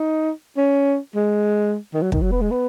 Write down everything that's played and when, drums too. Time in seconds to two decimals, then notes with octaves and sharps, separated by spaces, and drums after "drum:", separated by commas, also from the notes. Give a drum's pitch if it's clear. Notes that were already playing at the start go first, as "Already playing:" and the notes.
Already playing: D#4
0.57 C#4
1.15 G#3
1.94 D#3
2.02 F#3
2.12 D#3, drum: kick
2.22 F#3
2.31 B3
2.41 G#3
2.51 B3